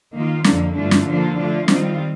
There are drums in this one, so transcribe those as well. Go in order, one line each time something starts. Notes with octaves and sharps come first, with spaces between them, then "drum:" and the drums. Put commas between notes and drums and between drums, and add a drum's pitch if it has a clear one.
D#3 A#3 F4
F2 D3 F3 A#3, drum: snare
G2 D3 A3 D4 F4
drum: snare
D3 F3 A#3 D4 F4
D3 A3 D4 F4
D#3 G3 C4 F4, drum: snare